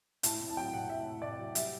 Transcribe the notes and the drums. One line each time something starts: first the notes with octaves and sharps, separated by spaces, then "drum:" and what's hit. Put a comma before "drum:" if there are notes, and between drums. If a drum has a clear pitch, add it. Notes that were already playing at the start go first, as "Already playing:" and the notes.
A2 A5, drum: hi-hat
A2
A5
F#3 G5
A2 F#5
A2 E5
A2
A2 D5
F#3
G3 E5, drum: hi-hat